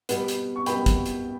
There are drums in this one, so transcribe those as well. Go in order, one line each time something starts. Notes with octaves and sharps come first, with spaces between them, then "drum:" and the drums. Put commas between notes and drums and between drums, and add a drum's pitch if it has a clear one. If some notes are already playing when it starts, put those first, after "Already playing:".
B2 G3 B3, drum: hi-hat
drum: hi-hat
C#6
B2 G3 B3 G5 B5, drum: hi-hat
drum: kick, hi-hat
drum: hi-hat